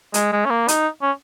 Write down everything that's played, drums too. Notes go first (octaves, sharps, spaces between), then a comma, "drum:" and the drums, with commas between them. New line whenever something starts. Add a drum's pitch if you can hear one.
G#3, drum: hi-hat
G#3
C#4
A#3
D#4, drum: hi-hat
C#4